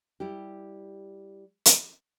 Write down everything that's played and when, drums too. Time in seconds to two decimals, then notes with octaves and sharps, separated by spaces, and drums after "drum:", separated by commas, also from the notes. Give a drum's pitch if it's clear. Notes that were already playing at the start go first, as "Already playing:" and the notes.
0.20 G3 E4 G4
1.65 drum: hi-hat